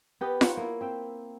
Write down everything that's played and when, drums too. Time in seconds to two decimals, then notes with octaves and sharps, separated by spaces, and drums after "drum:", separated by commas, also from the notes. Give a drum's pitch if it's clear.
0.21 B3 G4 B4 D#5
0.41 D#4 F4 C#5 F#5, drum: snare F4
0.57 A#3 E4
0.81 C4 E5 G5